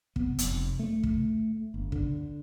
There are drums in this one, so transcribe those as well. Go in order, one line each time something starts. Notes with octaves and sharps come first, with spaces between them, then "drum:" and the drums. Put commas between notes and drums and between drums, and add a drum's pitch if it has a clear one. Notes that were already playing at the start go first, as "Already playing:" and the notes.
B3, drum: kick
F1, drum: hi-hat
A3
drum: kick
G1
D3, drum: kick